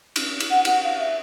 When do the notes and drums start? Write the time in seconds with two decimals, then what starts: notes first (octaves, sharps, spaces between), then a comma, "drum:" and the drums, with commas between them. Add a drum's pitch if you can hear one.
0.16 drum: cymbal
0.40 drum: cymbal
0.51 F#5
0.65 F#5, drum: cymbal
0.84 F5
0.98 E5